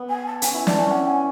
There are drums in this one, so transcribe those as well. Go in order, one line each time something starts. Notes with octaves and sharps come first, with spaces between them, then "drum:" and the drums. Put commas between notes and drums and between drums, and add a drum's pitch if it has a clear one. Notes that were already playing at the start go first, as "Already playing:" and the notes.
Already playing: B3
G#5
A5
C#4 G#5, drum: hi-hat
E4
D4, drum: snare
C#4
C#4 F#5
G#5